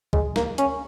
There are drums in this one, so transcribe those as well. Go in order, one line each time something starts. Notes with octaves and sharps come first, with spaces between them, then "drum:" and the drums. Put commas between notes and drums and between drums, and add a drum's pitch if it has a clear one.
G#3, drum: kick
A#3, drum: snare
C#4, drum: hi-hat